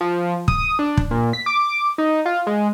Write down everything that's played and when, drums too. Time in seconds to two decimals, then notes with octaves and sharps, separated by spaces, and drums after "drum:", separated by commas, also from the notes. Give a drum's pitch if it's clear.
0.01 F3
0.48 D#6, drum: kick
0.79 D4
0.97 drum: kick
1.11 A#2
1.33 B6
1.46 D6
1.98 D#4
2.26 F4
2.47 G#3